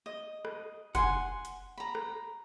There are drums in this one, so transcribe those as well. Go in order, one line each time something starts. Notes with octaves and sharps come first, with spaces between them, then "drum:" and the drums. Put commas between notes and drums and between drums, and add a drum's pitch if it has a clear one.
D#5
drum: rim click
F#5 G#5 C6, drum: kick F#1, hi-hat
drum: hi-hat
A#5 B5
drum: rim click